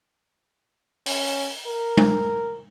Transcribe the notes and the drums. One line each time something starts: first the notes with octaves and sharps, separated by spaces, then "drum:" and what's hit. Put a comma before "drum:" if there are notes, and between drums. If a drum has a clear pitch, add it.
C#4, drum: open hi-hat
A#4
drum: tom G#3